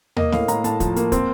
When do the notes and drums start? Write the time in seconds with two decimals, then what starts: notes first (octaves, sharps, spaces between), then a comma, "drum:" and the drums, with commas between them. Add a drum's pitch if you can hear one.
0.16 A#3 D#5, drum: tom D#2
0.32 A2 F5, drum: snare
0.48 A2 A#5, drum: hi-hat
0.64 A2 A5, drum: hi-hat
0.80 F3, drum: kick, hi-hat
0.96 A#3, drum: hi-hat
1.12 C4, drum: kick, hi-hat